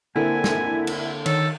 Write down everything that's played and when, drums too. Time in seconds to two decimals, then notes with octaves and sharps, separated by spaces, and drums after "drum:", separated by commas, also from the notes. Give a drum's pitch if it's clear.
0.16 D3 A#3 C4 E4 G#5
0.44 drum: snare
0.87 drum: cymbal
1.26 D#3 A4 C#5, drum: cymbal